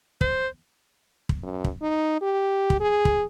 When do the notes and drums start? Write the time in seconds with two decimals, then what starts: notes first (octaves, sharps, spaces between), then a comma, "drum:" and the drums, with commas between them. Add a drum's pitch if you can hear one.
0.21 C5, drum: kick
1.29 drum: kick
1.43 F#2
1.64 drum: kick
1.82 D#4
2.21 G4
2.70 drum: kick
2.80 G#4
3.05 drum: kick